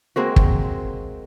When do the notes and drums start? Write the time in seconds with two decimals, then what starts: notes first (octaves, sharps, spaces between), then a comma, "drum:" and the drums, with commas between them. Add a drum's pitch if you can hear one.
0.16 G#3 A#3 C4 F#4
0.36 drum: kick